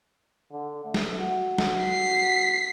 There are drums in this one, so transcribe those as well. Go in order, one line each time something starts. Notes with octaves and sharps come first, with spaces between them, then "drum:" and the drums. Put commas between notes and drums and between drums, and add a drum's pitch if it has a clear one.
D3
A3
drum: snare
F#4
drum: snare
B6 C7